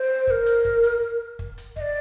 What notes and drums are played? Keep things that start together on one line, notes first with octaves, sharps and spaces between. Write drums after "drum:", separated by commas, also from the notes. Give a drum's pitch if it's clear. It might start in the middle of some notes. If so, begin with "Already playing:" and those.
Already playing: C5
C5, drum: kick
A#4
drum: hi-hat
drum: kick
drum: hi-hat
drum: kick
drum: hi-hat
D#5, drum: kick
D5